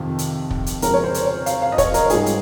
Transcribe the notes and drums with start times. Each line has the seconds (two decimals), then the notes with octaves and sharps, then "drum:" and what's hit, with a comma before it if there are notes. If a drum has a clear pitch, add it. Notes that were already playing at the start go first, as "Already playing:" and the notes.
Already playing: F2 C3 D#3
0.19 drum: hi-hat
0.51 drum: kick
0.66 drum: hi-hat
0.82 F2 C#3 G#3 C#4 A#4, drum: hi-hat
0.94 C#5
1.04 C5
1.14 drum: hi-hat
1.25 C#5
1.46 F5, drum: hi-hat
1.62 F5
1.72 D#5
1.78 C#5, drum: kick, hi-hat
1.94 A#4, drum: hi-hat
2.10 G#2 G3 C#4 G#4, drum: hi-hat
2.26 drum: hi-hat